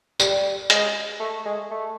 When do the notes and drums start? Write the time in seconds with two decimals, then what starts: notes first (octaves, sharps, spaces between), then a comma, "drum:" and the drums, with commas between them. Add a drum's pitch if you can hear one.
0.20 G3, drum: tambourine
0.70 G#3, drum: hi-hat
1.20 A3
1.45 G#3
1.71 A3